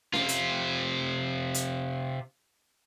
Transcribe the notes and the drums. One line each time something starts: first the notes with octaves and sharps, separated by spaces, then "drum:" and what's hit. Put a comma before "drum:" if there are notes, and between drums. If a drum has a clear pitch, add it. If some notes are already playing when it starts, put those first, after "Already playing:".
C3 F4, drum: snare C#4
drum: hi-hat
drum: hi-hat